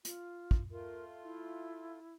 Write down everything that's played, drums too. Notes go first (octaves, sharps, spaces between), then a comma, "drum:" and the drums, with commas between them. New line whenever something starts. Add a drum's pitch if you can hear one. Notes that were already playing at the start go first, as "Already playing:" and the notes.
F4, drum: hi-hat
drum: kick
A3 F4 A#4
E4